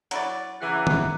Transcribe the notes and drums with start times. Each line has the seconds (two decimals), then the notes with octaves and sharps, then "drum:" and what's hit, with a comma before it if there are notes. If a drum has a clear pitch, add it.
0.11 F#3 E4 D5, drum: hi-hat
0.62 C#3 E3 F#5 A#5 D6 F#6
0.87 drum: tom D#3